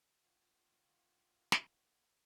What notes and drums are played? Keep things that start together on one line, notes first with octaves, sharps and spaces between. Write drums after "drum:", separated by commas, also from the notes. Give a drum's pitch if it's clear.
D3 D#3 A#3 F4
drum: snare